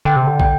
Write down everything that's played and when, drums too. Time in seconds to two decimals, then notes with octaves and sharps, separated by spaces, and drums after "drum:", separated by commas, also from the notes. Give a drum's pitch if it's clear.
0.05 D3 G5
0.16 C3
0.27 D3
0.40 G5, drum: kick